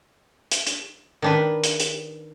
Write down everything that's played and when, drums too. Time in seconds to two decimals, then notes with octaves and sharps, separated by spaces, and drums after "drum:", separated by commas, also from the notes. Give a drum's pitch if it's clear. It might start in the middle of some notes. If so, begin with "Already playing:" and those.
0.51 drum: hi-hat
0.67 drum: hi-hat
1.22 D#3 D4 B4
1.64 drum: hi-hat
1.80 drum: hi-hat